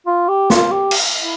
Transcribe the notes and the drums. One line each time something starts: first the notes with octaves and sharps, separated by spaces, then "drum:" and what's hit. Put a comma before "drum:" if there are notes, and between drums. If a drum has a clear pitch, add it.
F4
G4
F4, drum: snare
G4
drum: cymbal
E4